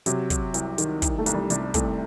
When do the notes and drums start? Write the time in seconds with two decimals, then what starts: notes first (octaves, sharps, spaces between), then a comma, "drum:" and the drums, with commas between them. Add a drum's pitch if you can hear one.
0.06 C3 F#3, drum: hi-hat
0.30 F#3, drum: kick, hi-hat
0.54 C2, drum: hi-hat
0.78 D#3, drum: hi-hat
1.02 C2, drum: kick, hi-hat
1.18 A3
1.26 C2, drum: hi-hat
1.34 G3
1.50 C3 G3, drum: hi-hat
1.74 C2 A3, drum: kick, hi-hat